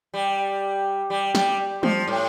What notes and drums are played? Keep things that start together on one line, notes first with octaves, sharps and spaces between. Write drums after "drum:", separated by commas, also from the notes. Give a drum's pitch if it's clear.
G3
G3
G3, drum: snare
F3, drum: tom G3
A2